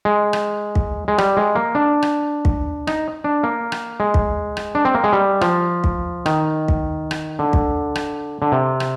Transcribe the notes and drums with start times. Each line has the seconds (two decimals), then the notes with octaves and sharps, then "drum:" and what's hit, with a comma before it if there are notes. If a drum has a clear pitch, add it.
0.05 G#3
0.33 drum: rim click
0.75 drum: kick
1.08 G#3
1.18 G3, drum: rim click
1.37 G#3
1.55 A#3
1.75 D4
2.02 drum: rim click
2.45 drum: kick
2.87 D#4, drum: rim click
3.24 D4
3.43 A#3
3.72 drum: rim click
4.00 G#3
4.14 drum: kick
4.57 drum: rim click
4.75 D4
4.85 C4
4.95 A#3
5.04 G#3
5.13 G3
5.41 F3, drum: rim click
5.84 drum: kick
6.26 D#3, drum: rim click
6.68 drum: kick
7.11 drum: rim click
7.39 D3
7.53 drum: kick
7.95 drum: rim click
8.42 D3
8.52 C3
8.80 drum: rim click